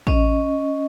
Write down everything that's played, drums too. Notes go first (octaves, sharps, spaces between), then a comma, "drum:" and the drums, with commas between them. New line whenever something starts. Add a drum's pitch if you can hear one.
C#4 D#5, drum: kick